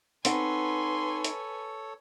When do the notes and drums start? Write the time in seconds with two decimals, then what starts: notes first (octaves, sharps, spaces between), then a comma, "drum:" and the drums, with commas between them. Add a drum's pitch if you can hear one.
0.25 C4 D#4 A4 B4 C#5 F#5 G#5 C6, drum: hi-hat
1.24 drum: hi-hat